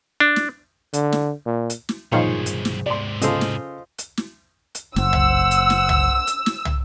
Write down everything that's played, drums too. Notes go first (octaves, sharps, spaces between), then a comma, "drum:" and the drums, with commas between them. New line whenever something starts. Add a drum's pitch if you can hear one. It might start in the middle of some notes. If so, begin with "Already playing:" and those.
D4
drum: snare
D3, drum: hi-hat
drum: snare
A#2
drum: hi-hat
drum: snare
B1 G2 A#2 D#3 F3 G#4 C5 C#5
drum: hi-hat
drum: snare
G#2 C3 D5 C6
C#3 F4 A4 C5 D#5, drum: hi-hat
drum: snare
drum: hi-hat
drum: snare
drum: hi-hat
F#1 C5 F#5 E6, drum: snare
drum: tom
drum: hi-hat
drum: snare
drum: tom
drum: hi-hat
drum: snare
drum: tom